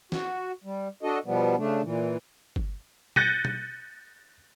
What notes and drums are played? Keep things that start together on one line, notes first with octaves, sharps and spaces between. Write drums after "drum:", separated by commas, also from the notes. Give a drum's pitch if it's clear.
F#4, drum: snare
G3
D4 F#4 A4 D#5
B2 F3 G3 B3
C#3 A3 D4
A#2 E3
drum: kick G1
F#6 G6 A6 A#6 C#7 D#7, drum: tom B2
drum: tom B2